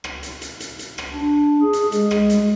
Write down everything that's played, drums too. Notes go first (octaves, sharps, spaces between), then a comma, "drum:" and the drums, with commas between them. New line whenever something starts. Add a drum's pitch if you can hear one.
drum: rim click
drum: hi-hat
drum: hi-hat
drum: hi-hat
drum: hi-hat
drum: rim click
D4
G#4
drum: hi-hat
G#3, drum: hi-hat
drum: rim click
drum: hi-hat